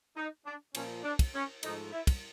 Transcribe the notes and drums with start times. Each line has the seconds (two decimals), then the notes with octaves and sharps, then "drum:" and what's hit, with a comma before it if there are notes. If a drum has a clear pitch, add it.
0.17 D#4
0.45 D4
0.75 A#2 F3 A#3 C#4, drum: cymbal
1.04 D4
1.19 drum: kick, cymbal
1.35 C#4
1.63 G#2 F3 A3 D#4, drum: cymbal
1.92 E4
2.07 drum: kick, cymbal